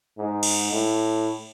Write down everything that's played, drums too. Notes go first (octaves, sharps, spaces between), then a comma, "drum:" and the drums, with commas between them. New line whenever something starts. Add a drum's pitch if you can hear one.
G#2
drum: cymbal
A2